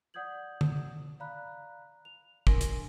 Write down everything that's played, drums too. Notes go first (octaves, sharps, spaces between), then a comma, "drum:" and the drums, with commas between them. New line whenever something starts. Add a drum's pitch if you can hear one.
D5 F#5 D#6 G6 G#6 F#7
drum: tom
D5 F5 A#5 B5 F#6
F7
D4 A#4 G#5 C6 A#6, drum: kick
drum: hi-hat